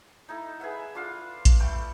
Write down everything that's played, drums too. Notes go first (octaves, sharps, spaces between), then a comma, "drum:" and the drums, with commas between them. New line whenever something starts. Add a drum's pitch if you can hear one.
D#4 E4 A4
G#4 B4 E5 F#5
D4 F4 A4 F5
drum: kick A#1, hi-hat
A3 A4 G5 B5